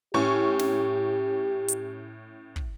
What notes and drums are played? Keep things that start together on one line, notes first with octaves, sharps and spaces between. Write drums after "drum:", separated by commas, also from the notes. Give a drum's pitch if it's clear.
A2 C#4 G4 C#6
drum: snare
drum: hi-hat
drum: kick